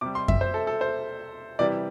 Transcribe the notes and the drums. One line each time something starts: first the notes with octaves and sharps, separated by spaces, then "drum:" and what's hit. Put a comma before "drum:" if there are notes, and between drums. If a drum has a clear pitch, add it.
C3 G3 D6
C6
E5, drum: kick F#2
C5
A4
A4
C5
C3 E3 G3 D5